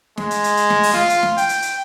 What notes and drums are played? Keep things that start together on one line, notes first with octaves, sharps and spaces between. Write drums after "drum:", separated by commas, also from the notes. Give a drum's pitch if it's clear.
G#3, drum: snare
drum: hi-hat
drum: hi-hat
drum: hi-hat
drum: snare
drum: open hi-hat
F4, drum: snare
drum: hi-hat
drum: snare
G5, drum: hi-hat
drum: hi-hat
drum: hi-hat